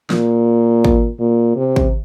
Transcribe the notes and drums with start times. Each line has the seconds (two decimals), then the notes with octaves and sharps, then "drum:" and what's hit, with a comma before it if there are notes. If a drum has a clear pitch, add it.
0.10 A#2, drum: snare
0.85 drum: kick
1.20 A#2
1.56 C3
1.76 drum: kick